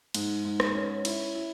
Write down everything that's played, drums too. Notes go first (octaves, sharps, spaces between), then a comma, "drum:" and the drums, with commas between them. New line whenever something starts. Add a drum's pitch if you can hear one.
G#2, drum: cymbal
G#2
drum: rim click
C#4
E4, drum: cymbal
E4